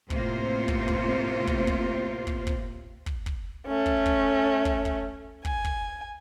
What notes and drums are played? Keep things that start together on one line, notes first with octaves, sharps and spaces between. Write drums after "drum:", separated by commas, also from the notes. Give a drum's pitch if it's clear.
A2 C3 A#3 B3 F4 C5, drum: kick
drum: kick
drum: kick
drum: kick
drum: kick
drum: kick
drum: kick
drum: kick
drum: kick
A3 C#4
drum: kick
drum: kick
drum: kick
drum: kick
G#5, drum: kick
drum: kick